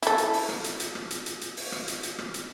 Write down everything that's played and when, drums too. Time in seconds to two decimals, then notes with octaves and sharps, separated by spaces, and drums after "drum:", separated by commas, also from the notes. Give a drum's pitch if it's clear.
0.02 E4 A4, drum: hi-hat
0.18 drum: hi-hat
0.33 drum: open hi-hat
0.49 drum: rim click
0.64 drum: hi-hat
0.80 drum: hi-hat
0.95 drum: rim click
1.11 drum: hi-hat
1.26 drum: hi-hat
1.41 drum: hi-hat
1.57 drum: open hi-hat
1.72 drum: rim click
1.88 drum: hi-hat
2.03 drum: hi-hat
2.19 drum: rim click
2.34 drum: hi-hat